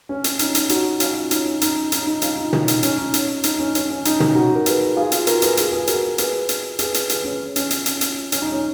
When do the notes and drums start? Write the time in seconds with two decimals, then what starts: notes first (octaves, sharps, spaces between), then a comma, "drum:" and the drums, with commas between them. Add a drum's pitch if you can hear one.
0.09 C#4
0.24 drum: hi-hat
0.39 D#4, drum: hi-hat
0.55 drum: hi-hat
0.69 D#4 F#4, drum: hi-hat
1.00 C#4 F4, drum: hi-hat
1.31 D#4, drum: hi-hat
1.46 C#4
1.61 D#4, drum: hi-hat
1.92 D#4, drum: hi-hat
2.07 D#4
2.22 C#4 F4, drum: hi-hat
2.38 D#4
2.53 D#4, drum: tom
2.68 drum: hi-hat
2.83 C#4, drum: hi-hat
2.98 D#4
3.14 drum: hi-hat
3.44 D#4, drum: hi-hat
3.59 C#4
3.75 C#4, drum: hi-hat
3.90 C#4
4.05 D#4, drum: hi-hat
4.20 drum: tom
4.35 D#4 F#4
4.55 A#4
4.66 G#4 B4, drum: hi-hat
4.96 F4 G#4
5.12 drum: hi-hat
5.27 F#4 A#4, drum: hi-hat
5.42 G#4 B4, drum: hi-hat
5.57 G#4 B4, drum: hi-hat
5.73 G#4 B4
5.87 F#4 A#4, drum: hi-hat
6.18 G#4 B4, drum: hi-hat
6.49 drum: hi-hat
6.79 G#4 B4, drum: hi-hat
6.94 drum: hi-hat
7.09 G#4 B4, drum: hi-hat
7.24 C#4
7.56 C#4, drum: hi-hat
7.71 drum: hi-hat
7.86 drum: hi-hat
8.01 drum: hi-hat
8.32 C#4, drum: hi-hat
8.42 D#4
8.52 C#4